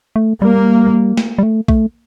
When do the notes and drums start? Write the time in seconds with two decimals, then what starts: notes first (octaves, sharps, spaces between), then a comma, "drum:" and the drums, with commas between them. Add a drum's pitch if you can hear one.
0.16 A3
0.41 G3 A#3
1.17 drum: snare
1.38 G3
1.43 A3
1.68 A3, drum: kick A#1